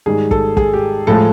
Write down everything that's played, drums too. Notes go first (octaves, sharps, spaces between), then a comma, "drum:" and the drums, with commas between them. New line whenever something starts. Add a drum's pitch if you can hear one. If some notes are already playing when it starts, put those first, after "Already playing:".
G#2 D#3 G3 G#4
A4, drum: kick
G#4, drum: kick
G4
A2 F3 G#3 A4